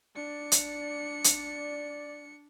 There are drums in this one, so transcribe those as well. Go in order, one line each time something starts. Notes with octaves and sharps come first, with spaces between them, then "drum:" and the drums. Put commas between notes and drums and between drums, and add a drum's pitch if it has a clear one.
D4 D5 C#7
drum: hi-hat
drum: hi-hat